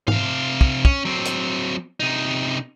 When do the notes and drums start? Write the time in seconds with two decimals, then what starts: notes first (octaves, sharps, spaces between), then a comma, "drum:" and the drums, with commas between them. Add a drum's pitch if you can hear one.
0.08 C3 F5, drum: tom G#2
0.61 drum: kick
0.85 C#4, drum: kick
1.05 F#3 C4
1.25 drum: hi-hat
2.00 C3 D#4